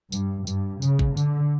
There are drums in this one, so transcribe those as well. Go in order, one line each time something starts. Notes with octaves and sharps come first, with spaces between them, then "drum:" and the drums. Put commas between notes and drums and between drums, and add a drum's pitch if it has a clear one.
G2, drum: tambourine
G2, drum: tambourine
C#3, drum: tambourine
drum: kick
D3, drum: tambourine